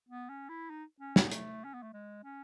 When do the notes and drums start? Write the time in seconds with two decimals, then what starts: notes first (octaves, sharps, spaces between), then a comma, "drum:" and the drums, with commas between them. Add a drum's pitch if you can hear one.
0.09 B3
0.29 C#4
0.49 E4
0.70 D#4
1.00 C#4
1.16 B3, drum: snare
1.31 A3, drum: hi-hat
1.64 C#4
1.74 B3
1.83 A3
1.93 G#3
2.24 C#4